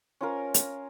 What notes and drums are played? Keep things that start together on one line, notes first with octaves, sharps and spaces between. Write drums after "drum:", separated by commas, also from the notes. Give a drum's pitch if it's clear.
C#4 F4 A#4
drum: hi-hat